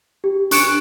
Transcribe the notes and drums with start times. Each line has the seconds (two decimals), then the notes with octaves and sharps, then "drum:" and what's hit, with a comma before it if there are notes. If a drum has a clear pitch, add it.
0.24 G4
0.51 D4 C#6 F#6 C#7 D7 E7, drum: hi-hat